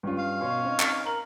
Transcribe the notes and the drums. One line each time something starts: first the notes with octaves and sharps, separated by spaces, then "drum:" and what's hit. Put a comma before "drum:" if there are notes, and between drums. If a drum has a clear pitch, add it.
G2 C#4 F4
F5
B2 C#4 C6
C4 D#4
drum: clap
A#4 F#7